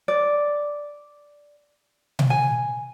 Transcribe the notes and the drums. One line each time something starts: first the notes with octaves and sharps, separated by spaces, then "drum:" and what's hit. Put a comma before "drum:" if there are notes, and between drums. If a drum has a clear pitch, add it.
D5
drum: tom B2
G#5